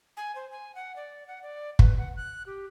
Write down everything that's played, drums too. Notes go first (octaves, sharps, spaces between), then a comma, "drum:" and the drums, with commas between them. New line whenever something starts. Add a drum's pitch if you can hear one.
G#5
C5
G#5
F#5
D5
F#5
D5
B4, drum: kick
F#5
F#6
G4